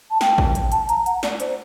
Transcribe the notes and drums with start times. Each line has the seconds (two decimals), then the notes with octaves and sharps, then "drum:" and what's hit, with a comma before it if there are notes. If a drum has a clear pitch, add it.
0.11 A5
0.21 G5, drum: snare
0.38 drum: kick A1
0.55 drum: hi-hat
0.72 A5, drum: hi-hat
0.89 A#5, drum: hi-hat
1.06 F#5, drum: hi-hat
1.23 D5, drum: snare
1.40 C5, drum: hi-hat